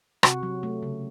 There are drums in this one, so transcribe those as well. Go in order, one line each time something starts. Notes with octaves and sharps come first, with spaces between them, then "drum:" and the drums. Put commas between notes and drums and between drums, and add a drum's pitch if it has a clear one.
C3 F#4, drum: rim click
F#3
A3
C#3